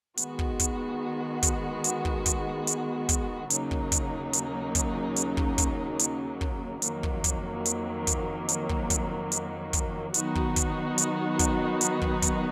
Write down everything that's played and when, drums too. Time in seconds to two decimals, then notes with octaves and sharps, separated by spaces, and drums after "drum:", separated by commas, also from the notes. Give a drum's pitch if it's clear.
0.17 D#3 G#3 B3 F#4, drum: hi-hat
0.39 drum: kick
0.59 drum: kick, hi-hat
1.43 drum: kick, hi-hat
1.84 drum: hi-hat
2.05 drum: kick
2.26 drum: kick, hi-hat
2.67 drum: hi-hat
3.09 drum: kick, hi-hat
3.50 D#2 C#3 F#3 A#3 D#4, drum: hi-hat
3.71 drum: kick
3.92 drum: kick, hi-hat
4.33 drum: hi-hat
4.75 drum: kick, hi-hat
5.16 drum: hi-hat
5.37 drum: kick
5.58 drum: kick, hi-hat
5.99 drum: hi-hat
6.41 drum: kick
6.82 F2 D#3 F#3 A#3, drum: hi-hat
7.03 drum: kick
7.24 drum: kick, hi-hat
7.65 drum: hi-hat
8.07 drum: kick, hi-hat
8.49 drum: hi-hat
8.69 drum: kick
8.90 drum: kick, hi-hat
9.32 drum: hi-hat
9.73 drum: kick, hi-hat
10.14 D#3 F#3 B3 D#4 F#4, drum: hi-hat
10.35 drum: kick
10.56 drum: kick, hi-hat
10.98 drum: hi-hat
11.39 drum: kick, hi-hat
11.81 drum: hi-hat
12.01 drum: kick
12.22 drum: kick, hi-hat